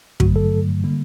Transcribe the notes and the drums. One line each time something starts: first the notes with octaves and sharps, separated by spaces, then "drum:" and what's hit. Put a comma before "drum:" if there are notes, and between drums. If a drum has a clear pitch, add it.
G2 D3 F#3 A3 F#4, drum: kick
A4
D3 G3 A#3